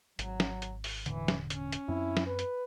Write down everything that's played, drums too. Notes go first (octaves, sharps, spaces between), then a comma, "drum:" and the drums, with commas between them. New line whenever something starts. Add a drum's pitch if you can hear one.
G#1 F#3, drum: hi-hat
drum: snare
drum: hi-hat
drum: open hi-hat
E1 A2 D3 E3, drum: hi-hat
drum: snare
C#4, drum: hi-hat
drum: hi-hat
F#2 C4 E4
drum: snare
B4
drum: hi-hat